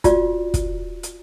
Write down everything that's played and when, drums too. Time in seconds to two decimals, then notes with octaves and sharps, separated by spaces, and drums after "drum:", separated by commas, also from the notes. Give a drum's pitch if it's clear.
0.04 F4 F#4 D5, drum: kick, hi-hat
0.54 drum: kick, hi-hat
1.03 drum: hi-hat